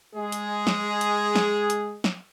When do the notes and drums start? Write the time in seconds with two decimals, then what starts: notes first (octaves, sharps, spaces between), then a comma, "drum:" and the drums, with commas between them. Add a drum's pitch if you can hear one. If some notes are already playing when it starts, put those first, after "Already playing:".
0.15 G#3 G#4
0.32 drum: hi-hat
0.67 drum: snare
1.01 drum: hi-hat
1.35 drum: snare
1.70 drum: hi-hat
2.04 drum: snare